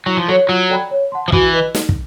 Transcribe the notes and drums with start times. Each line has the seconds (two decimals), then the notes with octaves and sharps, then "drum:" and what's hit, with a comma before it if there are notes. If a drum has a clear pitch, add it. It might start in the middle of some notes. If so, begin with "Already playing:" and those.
0.06 F#3 E4
0.17 F3
0.28 F#3 A4 C#5
0.48 F#3 F4
0.70 A4 D5 G5 B5
0.91 C#5
1.12 F#5 A5 C6
1.28 F3
1.32 E3 F#4, drum: kick
1.53 B4 D#5
1.75 D#4, drum: snare
1.89 drum: kick